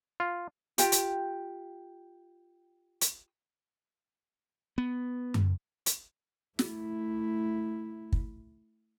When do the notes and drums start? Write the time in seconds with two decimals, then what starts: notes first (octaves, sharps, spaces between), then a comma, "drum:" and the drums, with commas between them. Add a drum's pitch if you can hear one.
0.20 F4
0.78 F4 G4 G5, drum: hi-hat
0.92 drum: hi-hat
3.01 drum: hi-hat
4.78 B3
5.34 drum: tom F#2
5.86 drum: hi-hat
6.59 A3 E4, drum: snare
8.12 drum: kick